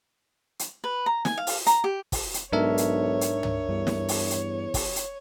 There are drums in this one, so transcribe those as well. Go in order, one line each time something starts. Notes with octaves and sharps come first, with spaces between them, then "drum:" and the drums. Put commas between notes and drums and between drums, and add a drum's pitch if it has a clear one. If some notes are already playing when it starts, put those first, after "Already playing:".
drum: hi-hat
B4
A#5
G#5, drum: snare
F5
drum: open hi-hat
A#5, drum: hi-hat
G4
drum: kick, open hi-hat
drum: hi-hat
B1 G#2 D4 A#4 C#5 E5
drum: hi-hat
drum: hi-hat
drum: tom
E2 G2
drum: snare
drum: open hi-hat
drum: hi-hat
drum: kick, open hi-hat
drum: hi-hat